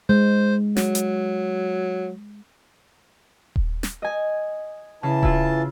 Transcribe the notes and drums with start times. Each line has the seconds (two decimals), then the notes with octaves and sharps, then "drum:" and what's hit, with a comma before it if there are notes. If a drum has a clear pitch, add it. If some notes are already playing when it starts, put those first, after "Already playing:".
0.09 G#3 C5
0.77 F#3, drum: snare
0.95 drum: hi-hat
3.56 drum: kick D#1
3.83 drum: snare
4.02 D#5 G#5
5.03 C#3 E3 A5
5.23 E4 F4, drum: kick D#1